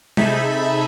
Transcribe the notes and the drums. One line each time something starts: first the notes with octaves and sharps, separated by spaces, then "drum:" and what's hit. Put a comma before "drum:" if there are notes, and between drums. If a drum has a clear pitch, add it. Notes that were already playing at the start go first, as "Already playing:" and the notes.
C3 D#4 G#4 A4 E5 B5, drum: tom